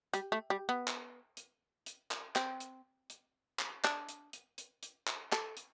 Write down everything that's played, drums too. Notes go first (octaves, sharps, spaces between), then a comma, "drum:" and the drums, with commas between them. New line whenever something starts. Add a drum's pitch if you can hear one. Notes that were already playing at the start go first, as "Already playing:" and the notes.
G3, drum: hi-hat
A3
G3
B3
drum: clap
drum: hi-hat
drum: hi-hat
drum: clap
C4, drum: clap
drum: hi-hat
drum: hi-hat
drum: clap
D4, drum: clap
drum: hi-hat
drum: hi-hat
drum: hi-hat
drum: hi-hat
drum: clap
A4, drum: clap
drum: hi-hat